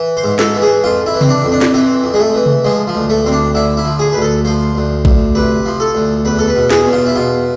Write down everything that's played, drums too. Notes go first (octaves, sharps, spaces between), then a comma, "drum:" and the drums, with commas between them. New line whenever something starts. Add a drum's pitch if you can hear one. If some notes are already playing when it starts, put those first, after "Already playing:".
Already playing: E3
C5
G#2
A4, drum: snare
E3
G#4
F2 F4
E4
E3
C4, drum: tom C3
D4
F2
D4
drum: snare
E3 C4
F2
G#3
A3
E3
drum: tom C3
F3 G#3
F3
D2
A3
D2 C4
D4
D3 E4
E4
F3
G#4
D2 B4
A4
F3 C5
D2
D2, drum: kick A#1
C3 B4
F3
A4
D2
E2 B4
A4
B4
B2
G#4, drum: snare
E2
F4
E4
B2 F4